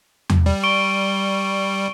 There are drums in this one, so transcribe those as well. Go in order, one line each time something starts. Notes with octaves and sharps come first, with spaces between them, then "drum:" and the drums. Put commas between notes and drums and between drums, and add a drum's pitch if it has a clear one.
drum: tom E2
G3
C#6 D7 G7